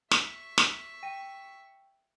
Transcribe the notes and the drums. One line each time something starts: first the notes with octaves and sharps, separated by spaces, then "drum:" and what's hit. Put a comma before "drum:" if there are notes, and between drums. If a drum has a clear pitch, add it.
E5 C#6, drum: snare
drum: snare
G5 A#6 D#7